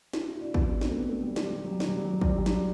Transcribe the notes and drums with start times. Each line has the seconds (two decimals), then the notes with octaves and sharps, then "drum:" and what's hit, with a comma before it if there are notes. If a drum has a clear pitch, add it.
0.13 E4, drum: snare
0.27 F#4
0.35 E4
0.41 D4
0.54 B3, drum: kick
0.68 D4
0.81 C4, drum: snare
0.90 A3
0.96 B3
1.09 A3
1.23 G3
1.36 G3, drum: snare
1.50 G3
1.64 F#3
1.72 G3
1.80 F#3, drum: snare
1.89 G3
1.97 F#3
2.05 G3
2.13 F#3
2.21 G3, drum: kick
2.30 F#3
2.38 G3
2.46 F#3, drum: snare